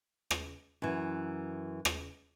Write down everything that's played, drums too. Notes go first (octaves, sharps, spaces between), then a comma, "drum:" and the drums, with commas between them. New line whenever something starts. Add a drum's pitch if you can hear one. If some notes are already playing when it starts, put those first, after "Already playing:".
drum: rim click
F#2 E3
drum: rim click